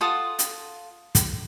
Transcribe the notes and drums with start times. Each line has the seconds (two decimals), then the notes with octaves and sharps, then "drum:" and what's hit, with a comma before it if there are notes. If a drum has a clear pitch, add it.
0.01 F4 A4 F#5 D#6
0.39 drum: hi-hat
1.15 drum: kick, hi-hat